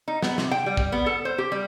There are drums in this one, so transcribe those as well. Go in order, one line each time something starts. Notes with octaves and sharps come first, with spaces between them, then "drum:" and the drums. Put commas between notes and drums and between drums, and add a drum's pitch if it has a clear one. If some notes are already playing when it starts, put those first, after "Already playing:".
D#4
B3, drum: snare
C3, drum: snare
G5
G3
drum: kick
B3
A4
C5
G4
G3